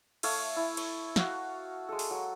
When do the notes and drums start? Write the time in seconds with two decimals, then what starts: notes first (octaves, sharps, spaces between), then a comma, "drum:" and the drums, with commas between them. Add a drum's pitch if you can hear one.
0.23 A3 A4 C#5 F5, drum: cymbal
0.56 E4
0.77 C#5, drum: cymbal
1.16 F#4 F5, drum: snare
1.89 G#3 A4
1.99 drum: open hi-hat
2.11 F#3